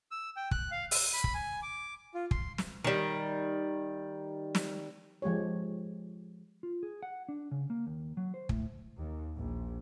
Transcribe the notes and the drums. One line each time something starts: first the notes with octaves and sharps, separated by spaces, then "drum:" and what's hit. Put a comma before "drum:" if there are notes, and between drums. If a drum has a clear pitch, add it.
E6
G5
F#6, drum: kick
F5
E6, drum: open hi-hat
B5
drum: kick
G#5
D6
F4
C6, drum: kick
drum: snare
D#3 G3
drum: snare
F3 G#3 G4 C#5
F4
G#4
F#5
D4
C#3
A#3
D#2
F#3
C5
A2, drum: kick
D#2
A#1